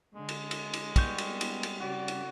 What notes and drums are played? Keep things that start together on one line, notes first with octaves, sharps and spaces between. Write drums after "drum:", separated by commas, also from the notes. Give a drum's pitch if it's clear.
D3 G#3
drum: cymbal
drum: cymbal
drum: cymbal
G3 B3 C#6 G6, drum: kick, cymbal
drum: cymbal
drum: cymbal
drum: cymbal
C#3 F#4 D5
drum: cymbal